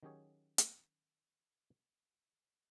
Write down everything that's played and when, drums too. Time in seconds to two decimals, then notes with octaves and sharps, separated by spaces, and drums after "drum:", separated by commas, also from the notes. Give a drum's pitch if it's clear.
0.03 D#3 F#3 C#4 G4 G#4 C#5
0.58 drum: hi-hat